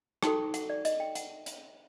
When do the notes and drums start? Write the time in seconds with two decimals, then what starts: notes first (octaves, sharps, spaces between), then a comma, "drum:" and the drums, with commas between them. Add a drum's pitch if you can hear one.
0.23 D#4 F#4 A4 G5, drum: rim click
0.54 F#5, drum: hi-hat
0.70 D5
0.85 D#5, drum: hi-hat
1.00 G5
1.15 F#5, drum: hi-hat
1.46 drum: hi-hat